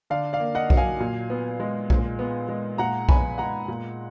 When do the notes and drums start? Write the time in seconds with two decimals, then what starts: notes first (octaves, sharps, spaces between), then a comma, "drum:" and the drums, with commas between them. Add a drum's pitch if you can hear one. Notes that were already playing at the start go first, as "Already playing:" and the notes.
0.10 D3 D5 F5
0.33 D5 F5
0.40 A#3
0.55 D#5 F#5
0.70 F#3, drum: kick B1
0.77 F5 G#5
1.00 A#2
1.30 B3
1.60 G#3
1.90 A#2, drum: kick B1
2.19 B3
2.48 G#3
2.78 A#2 F#5 A#5
3.09 B3 G#5 B5, drum: kick B1
3.38 G#3 F#5 A#5
3.68 A#2